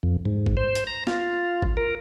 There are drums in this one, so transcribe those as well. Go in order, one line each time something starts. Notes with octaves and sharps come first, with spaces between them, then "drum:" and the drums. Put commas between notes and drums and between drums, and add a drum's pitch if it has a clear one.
F2
G#2
drum: kick G#1
C5
drum: hi-hat
A#5
F4, drum: snare
drum: kick G#1
A#4